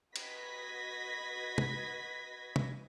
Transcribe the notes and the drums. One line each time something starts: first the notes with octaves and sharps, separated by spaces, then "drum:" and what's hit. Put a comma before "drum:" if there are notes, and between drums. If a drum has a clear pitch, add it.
F#4 B4 D#5 G#6 A#6 B6, drum: cymbal
drum: tom
drum: tom